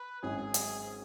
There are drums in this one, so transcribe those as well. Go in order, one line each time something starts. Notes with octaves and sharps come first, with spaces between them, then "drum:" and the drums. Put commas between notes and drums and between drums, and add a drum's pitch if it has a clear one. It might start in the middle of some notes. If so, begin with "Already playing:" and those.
Already playing: B4
G#1 G#2 F#3 C#4 G#4
drum: hi-hat